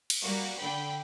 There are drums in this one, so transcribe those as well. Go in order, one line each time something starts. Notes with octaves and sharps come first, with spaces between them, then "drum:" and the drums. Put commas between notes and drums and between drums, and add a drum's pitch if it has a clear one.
drum: cymbal
G3 A#3 F#4
D3 G5 B5